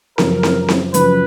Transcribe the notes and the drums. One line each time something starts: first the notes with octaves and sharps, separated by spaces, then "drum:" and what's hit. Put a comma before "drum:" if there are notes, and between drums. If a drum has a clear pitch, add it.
F#2 C#3 F3 A#4, drum: snare C4
drum: snare C4
drum: snare C4
F#2 C#3 F3 B4, drum: hi-hat